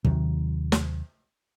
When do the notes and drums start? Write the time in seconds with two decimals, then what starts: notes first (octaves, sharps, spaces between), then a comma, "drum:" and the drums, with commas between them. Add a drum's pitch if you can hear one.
0.05 D#2 C3 D#3 F#3, drum: kick
0.72 drum: snare